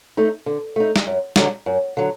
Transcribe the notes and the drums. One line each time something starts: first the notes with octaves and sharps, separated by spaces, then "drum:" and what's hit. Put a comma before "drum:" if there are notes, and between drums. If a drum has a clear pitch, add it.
A3 D#4
D3
A3 D#4
drum: snare
F#2
D3 F#3, drum: snare
F#2
D3 F#3